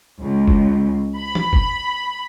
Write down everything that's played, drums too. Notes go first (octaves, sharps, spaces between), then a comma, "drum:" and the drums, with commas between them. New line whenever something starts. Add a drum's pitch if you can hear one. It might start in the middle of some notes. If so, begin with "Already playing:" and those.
C#2
drum: kick
B5
drum: tom
drum: kick